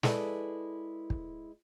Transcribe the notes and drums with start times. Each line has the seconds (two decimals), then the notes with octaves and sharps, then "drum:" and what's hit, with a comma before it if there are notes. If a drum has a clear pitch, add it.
0.03 G#3 E4 G#4 A4 B4 D5, drum: snare
1.10 drum: kick